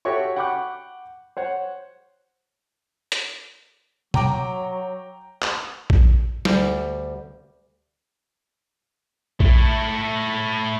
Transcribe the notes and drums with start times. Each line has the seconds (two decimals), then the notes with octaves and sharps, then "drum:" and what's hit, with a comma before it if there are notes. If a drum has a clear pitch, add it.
0.05 F#4 G4 A4 C#5 E5 C#6
0.36 F#5 G5 B5 C#6 D6 F#6
1.37 C5 C#5 F#5
3.12 drum: hi-hat
4.14 F#3 G5 A#5 D6, drum: tom B2
5.42 drum: clap
5.90 drum: kick A#1
6.45 D2 G3, drum: snare
9.40 A3 E4, drum: kick A#1